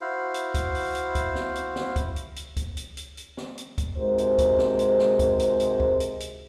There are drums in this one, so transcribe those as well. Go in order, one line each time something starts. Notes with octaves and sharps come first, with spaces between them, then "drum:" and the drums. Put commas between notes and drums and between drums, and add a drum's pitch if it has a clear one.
E4 F#4 C5 F5
drum: hi-hat
drum: kick, hi-hat
drum: open hi-hat
drum: hi-hat
drum: kick, hi-hat
drum: snare
drum: hi-hat
drum: snare
drum: kick, hi-hat
drum: hi-hat
drum: hi-hat
drum: kick, hi-hat
drum: hi-hat
drum: hi-hat
drum: hi-hat
drum: snare
drum: hi-hat
drum: kick, hi-hat
G#2 C3 G#3 F#4 A#4 C5
drum: hi-hat
drum: kick, hi-hat
drum: snare
drum: hi-hat
drum: snare
drum: kick, hi-hat
drum: hi-hat
drum: hi-hat
drum: kick
drum: hi-hat
drum: hi-hat